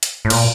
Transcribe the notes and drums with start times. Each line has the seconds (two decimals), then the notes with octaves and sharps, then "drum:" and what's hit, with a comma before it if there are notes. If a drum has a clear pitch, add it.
0.03 drum: hi-hat
0.25 A2
0.30 A#2, drum: cymbal